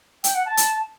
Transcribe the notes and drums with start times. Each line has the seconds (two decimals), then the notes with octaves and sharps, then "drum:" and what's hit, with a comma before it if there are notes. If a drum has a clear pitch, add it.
0.24 G5, drum: hi-hat
0.35 F#5
0.46 A5
0.57 drum: hi-hat